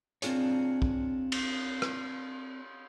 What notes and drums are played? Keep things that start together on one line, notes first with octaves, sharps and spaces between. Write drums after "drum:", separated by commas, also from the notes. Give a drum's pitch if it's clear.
C4 D4 F4 G#4 C#5, drum: hi-hat
drum: kick
drum: cymbal
drum: rim click